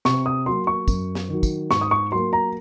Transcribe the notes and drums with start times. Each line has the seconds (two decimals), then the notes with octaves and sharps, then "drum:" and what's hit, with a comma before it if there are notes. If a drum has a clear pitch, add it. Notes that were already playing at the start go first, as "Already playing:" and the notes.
0.05 C3 C#6, drum: snare
0.26 D#6
0.46 F#3 A#3 C6
0.67 C#6
0.88 F#2, drum: kick, tambourine
1.15 drum: snare
1.29 D#3 F#3
1.43 drum: kick, tambourine
1.71 G#2 C#6, drum: snare
1.81 D#6
1.91 C#6
2.11 F#3 A#3 C6
2.33 A#5